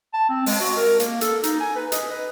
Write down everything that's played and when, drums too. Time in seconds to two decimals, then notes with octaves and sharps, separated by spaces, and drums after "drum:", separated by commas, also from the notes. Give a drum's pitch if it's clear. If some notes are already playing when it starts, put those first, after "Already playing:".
0.13 A5
0.29 C4
0.46 G#3, drum: open hi-hat
0.60 F#4
0.76 A#4
1.00 A#3, drum: hi-hat
1.21 A4, drum: hi-hat
1.43 D#4, drum: hi-hat
1.60 G#5
1.76 B4
1.92 D#5, drum: hi-hat
2.11 B4